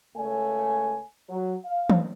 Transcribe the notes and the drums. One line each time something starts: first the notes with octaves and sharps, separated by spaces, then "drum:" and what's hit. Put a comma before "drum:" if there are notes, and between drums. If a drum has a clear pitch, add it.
C#2 A3 C#5 G#5
F#3
F5
drum: tom E3